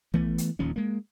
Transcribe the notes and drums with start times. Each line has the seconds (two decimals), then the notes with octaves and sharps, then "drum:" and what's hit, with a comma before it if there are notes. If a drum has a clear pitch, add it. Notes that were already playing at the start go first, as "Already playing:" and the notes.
0.14 E3 A3 B3, drum: tom
0.38 drum: hi-hat
0.59 D#1 D#2 F3 C#4
0.76 G#3 A#3